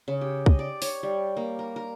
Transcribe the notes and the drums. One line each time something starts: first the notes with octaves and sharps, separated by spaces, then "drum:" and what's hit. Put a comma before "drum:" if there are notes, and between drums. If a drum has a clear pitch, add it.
C#3
G4
D#5, drum: kick
D5
C#5, drum: open hi-hat
G3
A#3
A#4
A#4